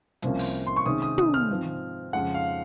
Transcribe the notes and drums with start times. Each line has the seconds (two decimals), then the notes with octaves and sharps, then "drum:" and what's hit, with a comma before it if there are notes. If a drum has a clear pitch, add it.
0.22 C2 C3 F3 A#3 C#4, drum: hi-hat
0.39 drum: open hi-hat
0.67 C6
0.76 C#6
0.86 C3 D#3 G#3 C#4 D#6
1.02 D#6
1.18 D#6, drum: tom
1.34 F6
1.49 G#2 F3 C4
2.13 F2 C#3 G#3 F#5
2.34 F5